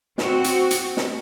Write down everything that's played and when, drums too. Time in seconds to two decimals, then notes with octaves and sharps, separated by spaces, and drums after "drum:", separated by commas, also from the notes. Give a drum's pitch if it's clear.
0.18 C4 F#4, drum: snare
0.44 drum: hi-hat
0.71 drum: hi-hat
0.97 drum: snare